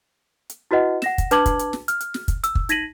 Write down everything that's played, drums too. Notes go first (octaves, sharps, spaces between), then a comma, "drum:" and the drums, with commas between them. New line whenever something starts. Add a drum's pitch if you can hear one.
drum: hi-hat
E4 F#4 B4 D#5 F#5
F#5 A#6 E7, drum: snare
drum: kick, hi-hat
D4 B4 A5 D6 G#6 F#7, drum: hi-hat
drum: kick, hi-hat
drum: hi-hat
drum: snare
F6, drum: hi-hat
drum: hi-hat
drum: snare
drum: kick, hi-hat
E6, drum: hi-hat
drum: kick
D#4 G#6 A#6 B6 D#7 F#7, drum: hi-hat